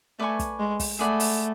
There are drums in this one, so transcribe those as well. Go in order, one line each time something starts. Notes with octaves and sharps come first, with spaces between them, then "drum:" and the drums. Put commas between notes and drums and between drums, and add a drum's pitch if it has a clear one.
A3 B4 D5 G#5 C#6
drum: kick, hi-hat
G#3
drum: kick, open hi-hat
A3 G#4 D5 F#5 B5
drum: open hi-hat